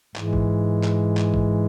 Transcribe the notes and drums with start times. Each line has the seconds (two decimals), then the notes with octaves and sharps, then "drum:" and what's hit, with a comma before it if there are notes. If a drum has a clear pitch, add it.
0.16 G#2 E3 G#3, drum: clap
0.33 drum: kick
0.83 drum: clap
1.17 drum: clap
1.34 drum: kick